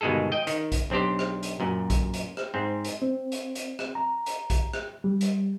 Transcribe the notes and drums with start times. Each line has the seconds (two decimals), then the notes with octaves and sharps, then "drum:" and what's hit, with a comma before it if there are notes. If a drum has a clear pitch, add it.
0.01 G1 B2 D#3 G#3 G#4 A4
0.32 D#5 G5
0.47 D#3, drum: hi-hat
0.72 drum: kick, hi-hat
0.90 B1 C4 D4 G4 C5
1.19 drum: rim click
1.43 drum: hi-hat
1.60 F#2 A#2
1.90 drum: kick, hi-hat
2.14 drum: hi-hat
2.37 drum: rim click
2.54 G#2 C4
2.84 drum: hi-hat
3.02 C4
3.32 drum: hi-hat
3.55 drum: hi-hat
3.79 drum: rim click
3.95 A#5
4.26 drum: hi-hat
4.50 drum: kick, hi-hat
4.74 drum: rim click
5.04 G3
5.21 drum: hi-hat